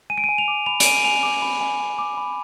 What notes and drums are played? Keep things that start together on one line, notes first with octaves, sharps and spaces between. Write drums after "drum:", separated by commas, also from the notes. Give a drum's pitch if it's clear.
G#5 D#7
D7
D#7
G#5
F7
D6
B5 F7
D7, drum: hi-hat
G#5 D#7
G#5 F7
D6
B5
G#5
G#5
D6
B5